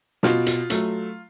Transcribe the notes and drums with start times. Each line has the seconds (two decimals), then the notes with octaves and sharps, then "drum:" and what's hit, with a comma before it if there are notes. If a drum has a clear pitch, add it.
0.23 B2 F4, drum: snare
0.46 drum: hi-hat
0.70 F#3 A3, drum: hi-hat